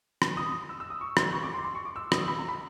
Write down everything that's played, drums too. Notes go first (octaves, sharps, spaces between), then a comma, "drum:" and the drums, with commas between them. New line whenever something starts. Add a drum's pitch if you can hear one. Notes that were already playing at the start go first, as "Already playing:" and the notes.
drum: rim click
D#6
E6
E6
D#6
C#6
C6, drum: rim click
C#6
D6
C6
C6
C#6
D6
E6
D#6, drum: rim click
B5
A#5
B5